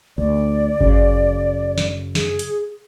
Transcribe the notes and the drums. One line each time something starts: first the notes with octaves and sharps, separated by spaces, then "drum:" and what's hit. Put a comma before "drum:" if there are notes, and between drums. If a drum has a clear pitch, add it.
D2 D5
F#2 C#3, drum: kick G1
drum: snare
G#4, drum: snare
drum: hi-hat